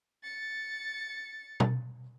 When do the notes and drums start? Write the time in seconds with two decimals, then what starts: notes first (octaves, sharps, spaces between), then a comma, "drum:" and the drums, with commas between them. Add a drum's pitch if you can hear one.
0.23 A6 C#7
1.60 drum: tom